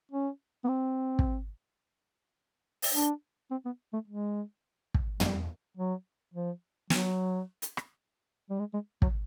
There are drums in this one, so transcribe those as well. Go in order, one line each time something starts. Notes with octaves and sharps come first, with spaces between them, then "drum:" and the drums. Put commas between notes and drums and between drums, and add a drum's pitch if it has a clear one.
C#4
B3
C4
drum: kick
drum: open hi-hat
D4
C4
B3
A3
G#3
drum: kick
G3, drum: tom
F#3
F3
F#3, drum: snare
drum: hi-hat
drum: rim click
G3
G#3
G#3
F#3, drum: kick